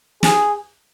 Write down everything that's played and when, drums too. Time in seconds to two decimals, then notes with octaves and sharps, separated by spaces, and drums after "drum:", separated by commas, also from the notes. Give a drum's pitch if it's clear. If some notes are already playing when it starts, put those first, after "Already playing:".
0.23 G#4, drum: snare